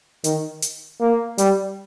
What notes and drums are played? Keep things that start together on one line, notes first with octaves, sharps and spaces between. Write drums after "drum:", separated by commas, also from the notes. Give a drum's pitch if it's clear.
D#3, drum: hi-hat
drum: hi-hat
A#3
G3, drum: hi-hat